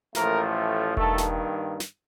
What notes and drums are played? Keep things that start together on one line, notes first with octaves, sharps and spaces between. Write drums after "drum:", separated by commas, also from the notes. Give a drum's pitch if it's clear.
A1 A2 F3 A3 A#3 A#4, drum: snare
G2 D#3 A3 A#3 A4, drum: kick E1
drum: snare
drum: snare